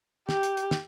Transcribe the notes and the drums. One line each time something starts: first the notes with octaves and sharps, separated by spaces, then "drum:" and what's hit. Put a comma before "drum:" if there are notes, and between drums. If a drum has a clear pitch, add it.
G4, drum: snare
drum: hi-hat
drum: hi-hat
drum: snare